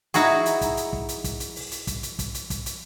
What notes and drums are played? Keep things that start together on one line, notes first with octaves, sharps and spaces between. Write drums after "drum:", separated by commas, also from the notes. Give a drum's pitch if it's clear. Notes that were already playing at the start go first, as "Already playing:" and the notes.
D#4 E4 F#4 G#4, drum: hi-hat
drum: hi-hat
drum: kick, hi-hat
drum: hi-hat
drum: kick
drum: hi-hat
drum: kick, hi-hat
drum: hi-hat
drum: open hi-hat
drum: hi-hat
drum: kick, hi-hat
drum: hi-hat
drum: kick, hi-hat
drum: hi-hat
drum: kick, hi-hat
drum: hi-hat